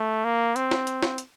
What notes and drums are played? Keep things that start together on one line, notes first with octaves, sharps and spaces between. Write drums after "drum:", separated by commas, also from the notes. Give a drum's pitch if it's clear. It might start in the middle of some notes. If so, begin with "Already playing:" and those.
Already playing: A3
A#3
C4, drum: hi-hat
drum: snare
drum: hi-hat
drum: snare
drum: hi-hat